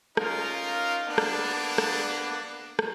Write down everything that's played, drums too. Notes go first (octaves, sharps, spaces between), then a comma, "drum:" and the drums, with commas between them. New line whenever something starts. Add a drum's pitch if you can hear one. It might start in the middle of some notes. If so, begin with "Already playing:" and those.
C#4 D#4 F4 A#4 F5, drum: rim click
A#3 B3 D4
drum: rim click
drum: rim click
drum: rim click